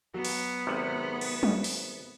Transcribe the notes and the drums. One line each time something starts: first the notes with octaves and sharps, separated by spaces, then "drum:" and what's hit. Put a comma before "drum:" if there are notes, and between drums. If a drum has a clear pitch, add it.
F#3 B3
drum: open hi-hat
G#1 C3 F#5
drum: cymbal
drum: tom F#3
drum: open hi-hat